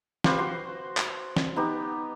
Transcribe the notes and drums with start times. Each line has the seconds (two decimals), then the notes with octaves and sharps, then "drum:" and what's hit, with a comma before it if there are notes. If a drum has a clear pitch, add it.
0.24 F4 G4 B4 C5, drum: snare
0.38 F#4 C6
0.97 drum: clap
1.36 drum: snare
1.56 B3 D#4 G4